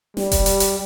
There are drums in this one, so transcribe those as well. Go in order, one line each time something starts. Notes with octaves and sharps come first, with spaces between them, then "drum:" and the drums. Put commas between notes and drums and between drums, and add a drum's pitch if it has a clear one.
G3, drum: snare
drum: kick E1, hi-hat
drum: hi-hat
drum: hi-hat